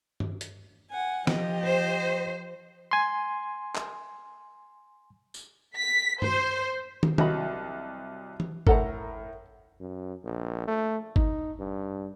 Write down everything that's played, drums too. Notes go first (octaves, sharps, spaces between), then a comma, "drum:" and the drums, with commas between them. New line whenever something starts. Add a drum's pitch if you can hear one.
drum: tom G2
drum: hi-hat
F#5 G#5
F3 G4 D#5, drum: snare
C5
G#5 C6
drum: clap
drum: tambourine
B6
C5, drum: tom G2
drum: tom
C2 F#3 F#4 D#5 B5, drum: tom
drum: tom E3
A2 A4 A#4 F#5 A#5, drum: kick G1
F#2
A#1
A3
D#4, drum: kick G1
G2